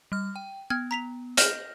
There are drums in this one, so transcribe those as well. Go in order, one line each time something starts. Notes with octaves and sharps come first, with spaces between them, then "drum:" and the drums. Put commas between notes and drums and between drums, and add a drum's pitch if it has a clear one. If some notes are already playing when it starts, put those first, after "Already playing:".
G3 F6
G5
B3 F6 G#6
A#5 B6 F7
D#5 F6 G6 A#6, drum: hi-hat